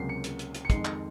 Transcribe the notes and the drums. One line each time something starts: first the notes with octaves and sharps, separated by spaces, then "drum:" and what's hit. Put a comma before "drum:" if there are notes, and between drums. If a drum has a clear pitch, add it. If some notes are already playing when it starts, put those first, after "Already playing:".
Already playing: C#2 C3 F#3 A#3 C7
C#7
drum: hi-hat
drum: hi-hat
drum: hi-hat
C#7
F2 D#3 G#3 C7, drum: kick, hi-hat
drum: clap